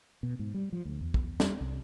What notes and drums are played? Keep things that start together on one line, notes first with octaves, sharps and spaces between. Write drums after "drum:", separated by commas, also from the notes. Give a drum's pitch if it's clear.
B2
G#2
G3
F3
D2
E2
drum: kick
G3, drum: snare
C2